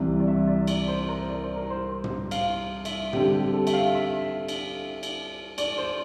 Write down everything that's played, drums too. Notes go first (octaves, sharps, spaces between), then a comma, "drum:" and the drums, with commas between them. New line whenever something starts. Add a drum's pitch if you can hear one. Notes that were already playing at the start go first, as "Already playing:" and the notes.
Already playing: C2 C3 E3 E5
D5
E5
D5
D5, drum: cymbal
C5
A#4
D5
C5
A#4
C5
drum: tom
F5, drum: cymbal
E5, drum: cymbal
D3 G3 C4 G4, drum: tom
G4
A4
E5, drum: cymbal
F5
E5
drum: cymbal
drum: cymbal
D5, drum: cymbal
C5